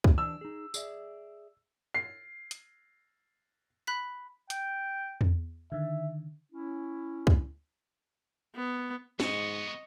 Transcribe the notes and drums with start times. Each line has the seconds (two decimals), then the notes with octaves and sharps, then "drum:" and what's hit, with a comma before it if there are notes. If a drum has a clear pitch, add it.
0.04 drum: kick C#2
0.18 E3 D4 E6
0.41 D#4 G#4
0.74 G#4 D5 E5, drum: tambourine
1.94 C7
2.51 drum: hi-hat
3.87 B5 F#6 B6
4.50 G5, drum: hi-hat
5.21 drum: tom E2
5.72 D3 D#3 E5
6.52 C#4 E4
7.27 drum: kick C#2
8.56 B3
9.20 G#2 G#3 B3 D#5 C#6, drum: snare